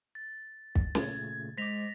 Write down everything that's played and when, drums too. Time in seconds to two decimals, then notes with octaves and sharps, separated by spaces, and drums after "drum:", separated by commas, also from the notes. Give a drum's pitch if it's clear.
0.15 A6
0.75 drum: kick
0.95 A#2 C#3 A3 G#6, drum: snare
1.58 G#3 C5 D#5 D6 A#6 B6 F7